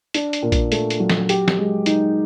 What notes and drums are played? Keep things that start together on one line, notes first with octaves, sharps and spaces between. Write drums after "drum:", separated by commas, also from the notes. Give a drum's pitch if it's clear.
D4, drum: hi-hat
drum: hi-hat
A#2
drum: kick, hi-hat
A3, drum: hi-hat
drum: hi-hat
F#3
drum: snare
G4, drum: hi-hat
drum: snare
G#3
D#4, drum: hi-hat